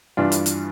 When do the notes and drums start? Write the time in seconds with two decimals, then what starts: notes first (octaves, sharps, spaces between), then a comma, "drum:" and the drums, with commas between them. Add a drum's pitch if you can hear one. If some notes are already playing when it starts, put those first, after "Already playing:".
0.17 G2 E3 G3 D4 F4
0.32 drum: hi-hat
0.46 drum: hi-hat